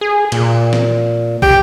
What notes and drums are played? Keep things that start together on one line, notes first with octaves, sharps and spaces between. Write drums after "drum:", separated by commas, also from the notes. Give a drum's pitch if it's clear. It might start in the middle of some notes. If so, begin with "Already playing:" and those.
G#4
A#2, drum: cymbal
drum: snare
G4, drum: kick